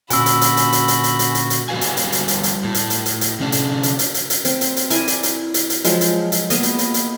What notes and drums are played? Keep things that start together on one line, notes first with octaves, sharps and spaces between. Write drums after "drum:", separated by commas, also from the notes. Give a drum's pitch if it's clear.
A#2 D3 C#4 F#4 G#5 B5 E6, drum: hi-hat
drum: hi-hat
drum: hi-hat
drum: hi-hat
drum: hi-hat
drum: hi-hat
drum: hi-hat
drum: hi-hat
drum: hi-hat
drum: hi-hat
G3 F#4 B4 F5 G#5
drum: hi-hat
drum: hi-hat
drum: hi-hat
drum: hi-hat
drum: hi-hat
A2
drum: hi-hat
drum: hi-hat
drum: hi-hat
drum: hi-hat
C3 C#4 D4
drum: hi-hat
drum: hi-hat
drum: hi-hat
drum: hi-hat
drum: hi-hat
C4, drum: hi-hat
drum: hi-hat
drum: hi-hat
E4 A#4 D5 G#5, drum: hi-hat
drum: hi-hat
drum: hi-hat
drum: hi-hat
drum: hi-hat
F3 F#3 G#3, drum: hi-hat
drum: hi-hat
drum: hi-hat
A#3 B3 G#4 D#5, drum: hi-hat
drum: hi-hat
drum: hi-hat
drum: hi-hat